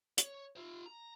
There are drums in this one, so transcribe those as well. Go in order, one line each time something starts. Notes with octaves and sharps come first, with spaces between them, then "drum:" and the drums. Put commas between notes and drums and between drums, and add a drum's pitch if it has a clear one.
C#5, drum: hi-hat
F4 E5
A#5